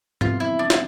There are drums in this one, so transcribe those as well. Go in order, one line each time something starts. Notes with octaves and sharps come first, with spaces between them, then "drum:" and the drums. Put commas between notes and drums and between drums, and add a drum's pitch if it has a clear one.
F2 C3 E3 G3 B3 F4, drum: tom G#2
E4
D4
E4, drum: snare